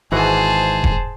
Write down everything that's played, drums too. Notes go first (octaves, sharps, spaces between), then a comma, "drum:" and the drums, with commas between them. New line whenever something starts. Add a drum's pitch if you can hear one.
G#1 G#2 E3 F#4 G#4 C5 A5
drum: kick E1